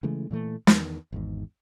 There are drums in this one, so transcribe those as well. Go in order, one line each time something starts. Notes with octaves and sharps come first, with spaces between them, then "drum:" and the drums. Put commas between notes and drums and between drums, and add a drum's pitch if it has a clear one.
C#3 E3 G#3 A3
A#2 E3 A3
E2 D#3, drum: snare
G#1 E2 G#2